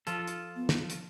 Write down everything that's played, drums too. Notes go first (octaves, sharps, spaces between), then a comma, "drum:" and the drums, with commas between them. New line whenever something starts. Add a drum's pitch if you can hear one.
F3 F4 A4, drum: hi-hat
drum: hi-hat
B3
drum: snare
drum: hi-hat